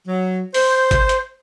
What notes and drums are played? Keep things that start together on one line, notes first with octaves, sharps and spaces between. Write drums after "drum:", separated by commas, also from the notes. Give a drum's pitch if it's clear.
F#3
C5, drum: open hi-hat
drum: kick, hi-hat
drum: hi-hat